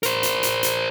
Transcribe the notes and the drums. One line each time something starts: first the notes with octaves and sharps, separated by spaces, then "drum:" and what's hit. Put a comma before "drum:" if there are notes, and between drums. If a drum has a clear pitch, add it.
A#4 C5, drum: hi-hat
drum: hi-hat
drum: hi-hat
drum: hi-hat